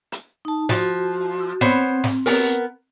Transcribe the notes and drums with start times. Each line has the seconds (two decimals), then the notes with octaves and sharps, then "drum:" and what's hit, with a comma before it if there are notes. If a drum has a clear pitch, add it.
0.12 drum: hi-hat
0.45 D#4 A5
0.69 F3 F#4, drum: snare
1.61 B3 C4 C5 C#5, drum: snare
2.04 drum: snare
2.26 B3 A#4, drum: open hi-hat